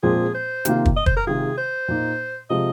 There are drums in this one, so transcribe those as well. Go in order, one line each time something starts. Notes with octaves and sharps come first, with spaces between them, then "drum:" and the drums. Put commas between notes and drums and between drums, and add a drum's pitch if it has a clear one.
A#2 F3 G#3 C4 G#4
C5
C3 D#3 A#3 F4, drum: hi-hat
drum: kick
D#5
C5, drum: kick
A#4
C3 D#3 G#3 F4 G#4
C5
A#2 A#3 D#4
C3 F3 G#3 F4 D#5